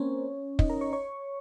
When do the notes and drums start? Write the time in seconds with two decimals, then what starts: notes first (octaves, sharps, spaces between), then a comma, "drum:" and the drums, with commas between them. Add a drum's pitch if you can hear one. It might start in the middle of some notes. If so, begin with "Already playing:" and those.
Already playing: A#3 C4 C#4 A#4 C5 C#5
0.59 D#4 D#5, drum: kick
0.70 A#4 A#5
0.81 C#5 C#6
0.93 C#5 C#6